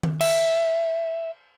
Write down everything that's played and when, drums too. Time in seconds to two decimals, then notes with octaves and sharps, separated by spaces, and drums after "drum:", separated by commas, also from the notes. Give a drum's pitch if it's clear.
0.03 drum: tom D#3
0.21 E5, drum: cymbal